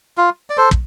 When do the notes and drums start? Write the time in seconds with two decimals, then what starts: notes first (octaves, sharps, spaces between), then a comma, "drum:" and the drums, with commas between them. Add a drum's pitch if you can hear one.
0.18 F4
0.50 D5
0.57 A4 C5
0.71 drum: kick